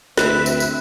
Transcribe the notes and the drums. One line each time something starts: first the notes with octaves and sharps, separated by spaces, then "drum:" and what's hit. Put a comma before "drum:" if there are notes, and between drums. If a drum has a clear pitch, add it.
D2 C4 B4 E5 F#6, drum: snare
drum: tambourine
drum: tambourine